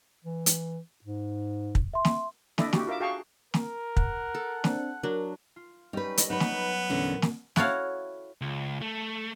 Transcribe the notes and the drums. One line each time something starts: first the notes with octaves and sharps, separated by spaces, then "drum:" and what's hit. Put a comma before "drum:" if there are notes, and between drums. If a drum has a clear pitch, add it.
E3
drum: hi-hat
G#2
drum: kick
E5 C6
drum: snare
D4 E4 A4 D5 D#5, drum: snare
F#4 G4, drum: snare
F4 A#4 E5 D6
F#4 G#4 F5 G5 A5 C#6
A#4, drum: snare
F#5, drum: kick
A4
C4 D4, drum: snare
F#3 D4 A#4
F4
G3 C#4 D#4 G4 B4
A3 D#5, drum: hi-hat
F#3 B3 D#4 B4
drum: snare
E2 A#2 D3 C#4
drum: snare
E4 F#4 A4 C#5 F5, drum: snare
C#2
A3